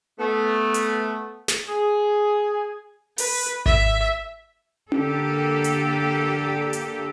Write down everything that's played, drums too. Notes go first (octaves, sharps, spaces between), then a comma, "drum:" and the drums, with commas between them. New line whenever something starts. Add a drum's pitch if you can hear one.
A3 B3
drum: hi-hat
drum: snare
G#4
B4, drum: open hi-hat
E5, drum: kick G#1
D3 A#3 G4 A4, drum: tom C#4
drum: hi-hat
drum: hi-hat